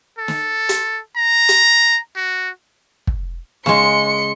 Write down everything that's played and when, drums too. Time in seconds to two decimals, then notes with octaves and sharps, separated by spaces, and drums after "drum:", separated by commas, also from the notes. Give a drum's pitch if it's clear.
0.18 A4
0.28 drum: snare
0.69 drum: hi-hat
1.16 A#5
1.49 drum: hi-hat
2.16 F#4
3.07 drum: kick
3.66 C#3 G#3 C6 C#7, drum: snare